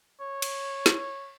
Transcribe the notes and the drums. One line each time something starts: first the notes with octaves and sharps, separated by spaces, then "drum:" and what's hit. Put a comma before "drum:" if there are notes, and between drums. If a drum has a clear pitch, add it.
C#5
drum: cymbal
drum: snare